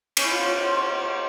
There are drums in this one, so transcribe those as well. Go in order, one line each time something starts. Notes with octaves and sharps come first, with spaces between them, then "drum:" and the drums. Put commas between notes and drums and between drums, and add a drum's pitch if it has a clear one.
C#4, drum: cymbal
E4
F4
C#5
C5
C5
C#5
C5